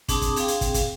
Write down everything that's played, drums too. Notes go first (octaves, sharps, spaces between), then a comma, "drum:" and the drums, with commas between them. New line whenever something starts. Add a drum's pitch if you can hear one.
C4 D4 G#4 A5 D6 D#6, drum: kick, hi-hat
drum: kick, hi-hat
C4 G#4 F5 G5, drum: hi-hat
drum: hi-hat
drum: kick, hi-hat
drum: kick, hi-hat